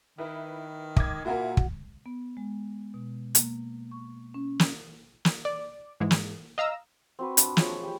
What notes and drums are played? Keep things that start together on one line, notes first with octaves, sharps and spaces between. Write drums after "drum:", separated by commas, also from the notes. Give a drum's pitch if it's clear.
D#3 E4 B4
D#5 D6 G#6, drum: kick
A#2 A#3 E4 F#4 F#5
drum: kick
B3
G#3
B2
A#3, drum: hi-hat
C#6
C#4
drum: snare
drum: snare
D5
G#2 E3 G#3
drum: snare
D#5 F5 A#5 E6
C4 F#4 B4
D4, drum: hi-hat
F3 G#3 C#5, drum: snare
G4 G5